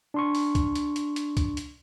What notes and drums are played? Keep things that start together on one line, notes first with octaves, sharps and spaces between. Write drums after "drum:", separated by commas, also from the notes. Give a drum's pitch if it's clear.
D4 C6 C#6
drum: open hi-hat
drum: kick C2, hi-hat
drum: hi-hat
drum: hi-hat
drum: hi-hat
drum: kick C2, hi-hat
drum: hi-hat